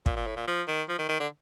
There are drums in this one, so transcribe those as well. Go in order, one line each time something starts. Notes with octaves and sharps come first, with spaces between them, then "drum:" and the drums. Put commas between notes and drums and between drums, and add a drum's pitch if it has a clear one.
A#2, drum: kick
A#2
A2
A#2
F3
D#3
F3
D#3
D#3
D3